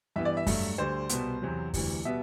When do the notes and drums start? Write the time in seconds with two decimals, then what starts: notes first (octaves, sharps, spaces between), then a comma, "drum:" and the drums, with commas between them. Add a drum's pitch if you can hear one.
0.16 G2 E3 G3 B3 E5
0.25 D5
0.37 E5
0.47 G2 F#3 A3, drum: kick F2, open hi-hat
0.78 D2 D3 G3 C5
1.09 C2 B2 G3 B3, drum: hi-hat
1.42 E2 C3 F#3
1.74 D2 C3 E3 G3, drum: kick F2, open hi-hat
2.05 B2 G3 B3 E5